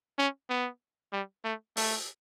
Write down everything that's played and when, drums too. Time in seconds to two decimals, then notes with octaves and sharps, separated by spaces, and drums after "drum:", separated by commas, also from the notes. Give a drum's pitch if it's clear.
0.18 C#4
0.50 B3
1.13 G3
1.44 A3
1.77 A3, drum: open hi-hat